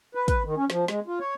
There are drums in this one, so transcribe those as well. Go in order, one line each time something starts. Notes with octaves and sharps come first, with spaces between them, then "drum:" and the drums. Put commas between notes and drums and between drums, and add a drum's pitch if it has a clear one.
B4
B4, drum: kick, hi-hat
D#3
C#4
F3, drum: snare
G#3, drum: snare
F4
C#5